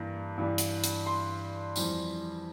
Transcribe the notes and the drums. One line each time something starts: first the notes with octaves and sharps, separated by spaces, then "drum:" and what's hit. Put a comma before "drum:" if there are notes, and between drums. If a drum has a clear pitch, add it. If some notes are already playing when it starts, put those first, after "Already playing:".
Already playing: G2 E3 A#3
G2 E3 G3 D4
drum: hi-hat
drum: hi-hat
C6
F2 E3 G3, drum: tambourine